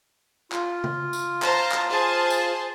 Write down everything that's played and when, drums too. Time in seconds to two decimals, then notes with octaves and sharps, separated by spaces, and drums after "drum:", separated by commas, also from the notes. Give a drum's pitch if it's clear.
0.52 F4, drum: clap
0.84 drum: tom C#3
1.13 drum: tambourine
1.42 C5 A5 A#5, drum: clap
1.72 drum: clap
1.90 G#4 C5 A5
2.30 drum: tambourine